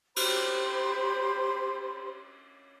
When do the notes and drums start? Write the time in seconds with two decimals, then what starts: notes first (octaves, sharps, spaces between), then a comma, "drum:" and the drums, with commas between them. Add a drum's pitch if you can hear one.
0.16 G4 C5 B5 C6, drum: cymbal